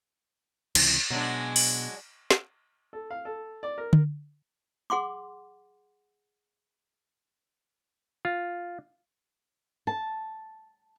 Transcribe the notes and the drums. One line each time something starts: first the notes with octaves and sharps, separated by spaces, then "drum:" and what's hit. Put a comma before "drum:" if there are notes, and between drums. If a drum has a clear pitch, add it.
C#2 C3 E3, drum: cymbal
B2 F#3 G#3 D4
drum: open hi-hat
drum: snare
A4
F5
A4
D5
A#4
drum: tom D3
G#4 F#5 C6 D6
F4
A5